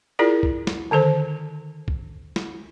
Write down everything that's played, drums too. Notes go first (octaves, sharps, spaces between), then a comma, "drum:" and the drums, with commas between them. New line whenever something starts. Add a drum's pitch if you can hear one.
E4 F4 G#4 A#4 D5
drum: kick
drum: snare
D3 D#3 A4 C5
drum: kick
drum: snare